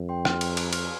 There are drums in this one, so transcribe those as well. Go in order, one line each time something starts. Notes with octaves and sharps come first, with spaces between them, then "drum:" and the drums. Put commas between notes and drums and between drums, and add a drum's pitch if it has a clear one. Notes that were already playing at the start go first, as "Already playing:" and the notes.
Already playing: F2
G5 C6
C6 F6, drum: rim click
drum: cymbal
drum: cymbal
C6 F6, drum: cymbal